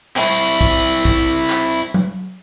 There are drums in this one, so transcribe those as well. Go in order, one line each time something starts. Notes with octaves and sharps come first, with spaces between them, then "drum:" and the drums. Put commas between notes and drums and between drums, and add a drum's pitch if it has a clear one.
C4 E4, drum: clap
drum: kick
drum: kick
drum: clap
drum: tom F#3